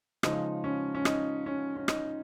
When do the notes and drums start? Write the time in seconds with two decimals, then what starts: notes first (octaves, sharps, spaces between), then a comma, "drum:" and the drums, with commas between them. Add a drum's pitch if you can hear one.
0.23 C#3 F3 G#3 D#4, drum: rim click
0.64 C#4
0.95 C#4
1.05 D#4, drum: rim click
1.46 C#4
1.76 C#4
1.88 D#4, drum: rim click